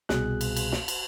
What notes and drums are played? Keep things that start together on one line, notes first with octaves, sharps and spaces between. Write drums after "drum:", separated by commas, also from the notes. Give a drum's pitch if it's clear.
C2 B2 G#4 F#6, drum: snare
drum: cymbal
drum: cymbal
drum: snare
drum: cymbal